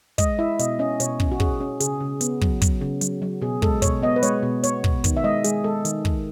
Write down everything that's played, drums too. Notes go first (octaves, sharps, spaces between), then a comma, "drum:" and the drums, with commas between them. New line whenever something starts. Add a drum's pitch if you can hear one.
G#3 D#5, drum: kick, hi-hat
E4 E5
B2 D#5, drum: hi-hat
C#4 D#5
B2 C#5, drum: hi-hat
C#4, drum: kick
F#4
C#4 G#4, drum: kick
C#4
C#3 G#4, drum: hi-hat
C#3
B3, drum: hi-hat
F#3, drum: kick
F#3, drum: kick, hi-hat
C#3
F#3, drum: hi-hat
F#3
B2 G#4
G#3 A4, drum: kick
B2 C#5, drum: kick, hi-hat
B3 D#5
B4
G#3 C#5, drum: hi-hat
B2
B3 C#5, drum: hi-hat
B2, drum: kick
D#3, drum: kick, hi-hat
E5
G#3 D#5
G#3 G#4, drum: hi-hat
G#3 A4
D#3, drum: hi-hat
D#3, drum: kick